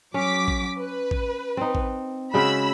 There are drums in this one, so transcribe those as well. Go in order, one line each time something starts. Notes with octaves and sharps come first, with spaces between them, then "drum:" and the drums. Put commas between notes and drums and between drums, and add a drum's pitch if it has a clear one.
F#3 C#4 D6 B6
drum: kick
B4
drum: kick
C4 D#4
drum: kick
C#3 G#3 F#4 B5 E6